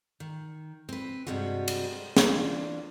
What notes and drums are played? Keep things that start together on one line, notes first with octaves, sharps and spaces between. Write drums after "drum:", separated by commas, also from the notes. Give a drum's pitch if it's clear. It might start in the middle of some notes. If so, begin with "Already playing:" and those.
D#3
C4 B4
G2 C3 G3 G#3 F#4
drum: cymbal
E3 C4 D4 F4, drum: snare